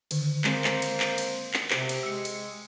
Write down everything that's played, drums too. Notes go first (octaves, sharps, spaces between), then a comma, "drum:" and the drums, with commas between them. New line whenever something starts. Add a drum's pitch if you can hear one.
D3 D#3, drum: cymbal
G#3 A#3 C4 C5, drum: clap
drum: clap
drum: cymbal
drum: clap
drum: cymbal
drum: clap
C3 G4 C5, drum: clap
drum: cymbal
G#3 E6 C#7
drum: cymbal